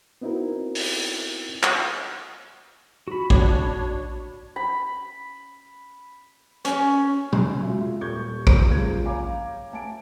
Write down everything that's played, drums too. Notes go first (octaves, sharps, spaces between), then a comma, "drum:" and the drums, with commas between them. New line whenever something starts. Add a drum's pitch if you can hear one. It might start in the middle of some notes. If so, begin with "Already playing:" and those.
B3 C4 D#4 E4 F#4 A#4
drum: open hi-hat
drum: clap
F#4 B5
D4 C#5, drum: kick A1
B5
C#4, drum: hi-hat
drum: tom
G#3 F4 F#4 E5
D#1 G3 A4 C#6 G6 G#6
drum: kick A1
F#1 C#2 G2 F3 G#4 G#6
C#5 F5 G#5 A#5 D6
A3 G#5 A5 D7